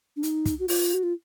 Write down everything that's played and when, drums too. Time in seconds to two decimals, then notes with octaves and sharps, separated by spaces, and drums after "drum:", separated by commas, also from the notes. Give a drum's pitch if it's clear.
0.16 D4
0.23 D#4, drum: hi-hat
0.45 drum: kick, hi-hat
0.59 F#4
0.68 F4, drum: open hi-hat
0.94 F#4
1.03 F4